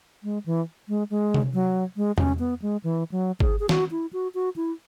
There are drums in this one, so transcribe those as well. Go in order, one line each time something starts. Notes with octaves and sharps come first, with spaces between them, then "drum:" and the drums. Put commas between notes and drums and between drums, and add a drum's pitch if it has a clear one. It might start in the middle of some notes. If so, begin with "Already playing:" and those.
G#3
E3
G#3
G#3
drum: tom C3
F#3
G#3
C#4, drum: tom E2
B3
G#3
E3
F#3
G#4, drum: kick G1
G#4
F#4, drum: snare
E4
F#4
F#4
E4